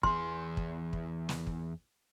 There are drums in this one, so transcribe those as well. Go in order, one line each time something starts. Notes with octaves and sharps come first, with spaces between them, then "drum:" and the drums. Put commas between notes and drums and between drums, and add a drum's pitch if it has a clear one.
E2 G#4 C6, drum: kick
drum: kick
drum: kick
drum: snare
drum: kick